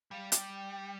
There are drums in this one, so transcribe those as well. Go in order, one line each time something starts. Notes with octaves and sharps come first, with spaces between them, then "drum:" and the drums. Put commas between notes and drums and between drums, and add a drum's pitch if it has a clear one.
G3 F5
G3 G5, drum: hi-hat